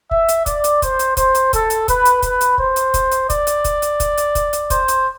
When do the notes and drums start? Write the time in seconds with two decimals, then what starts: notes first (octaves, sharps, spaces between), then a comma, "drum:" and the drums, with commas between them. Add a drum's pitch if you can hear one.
0.11 E5, drum: kick
0.29 drum: hi-hat
0.46 D5, drum: kick, hi-hat
0.64 drum: hi-hat
0.82 C5, drum: kick, hi-hat
0.99 drum: hi-hat
1.17 C5, drum: kick, hi-hat
1.35 drum: hi-hat
1.53 A4, drum: kick, hi-hat
1.70 drum: hi-hat
1.88 B4, drum: kick, hi-hat
2.05 drum: hi-hat
2.22 B4, drum: kick, hi-hat
2.41 drum: hi-hat
2.58 C5, drum: kick
2.76 drum: hi-hat
2.94 drum: kick, hi-hat
3.11 drum: hi-hat
3.30 D5, drum: kick, hi-hat
3.47 drum: hi-hat
3.65 drum: kick, hi-hat
3.82 drum: hi-hat
4.00 drum: kick, hi-hat
4.18 drum: hi-hat
4.35 drum: kick, hi-hat
4.53 drum: hi-hat
4.70 C5, drum: kick, hi-hat
4.88 drum: hi-hat